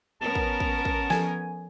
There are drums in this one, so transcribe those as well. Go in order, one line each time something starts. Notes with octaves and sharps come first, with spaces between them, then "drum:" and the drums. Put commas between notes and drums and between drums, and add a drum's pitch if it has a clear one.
B3 C#4 A#4 A5
drum: kick
drum: kick
drum: kick
F3 A4 G#5, drum: snare